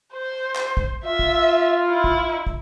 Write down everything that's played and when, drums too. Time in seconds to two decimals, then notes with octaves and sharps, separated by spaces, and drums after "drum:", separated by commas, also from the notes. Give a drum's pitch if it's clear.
0.13 C5
0.56 drum: clap
0.77 drum: kick
1.06 F4 E5
1.19 drum: kick
1.89 E4
2.04 drum: kick
2.47 drum: kick